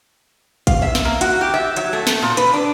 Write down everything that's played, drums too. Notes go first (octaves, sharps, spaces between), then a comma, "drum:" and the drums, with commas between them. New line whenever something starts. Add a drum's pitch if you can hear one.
F5, drum: kick G#1, hi-hat
E5
drum: snare
A#3
F#4, drum: hi-hat
G4
E5
F#3, drum: hi-hat
A3
drum: snare
A#2
B4, drum: hi-hat
D4